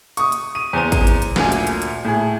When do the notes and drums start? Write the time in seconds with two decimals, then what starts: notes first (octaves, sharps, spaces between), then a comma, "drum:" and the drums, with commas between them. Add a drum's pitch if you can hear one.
0.17 C#6 D#6, drum: hi-hat
0.32 drum: hi-hat
0.55 D#7
0.73 E2 C5 A#5 D#7
0.92 drum: kick, hi-hat
1.07 drum: hi-hat
1.22 drum: hi-hat
1.36 D2 A#2 G#5, drum: snare
1.52 drum: hi-hat
1.67 drum: hi-hat
1.82 drum: hi-hat
2.04 A2 G#4